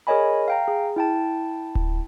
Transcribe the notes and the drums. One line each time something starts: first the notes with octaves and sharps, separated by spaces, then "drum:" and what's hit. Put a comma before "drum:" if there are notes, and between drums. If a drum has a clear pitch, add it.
G#4 A#4 C#5 D#5 G#5 B5
F5 G5 A#5
G#4
E4 G5 A5
drum: kick D1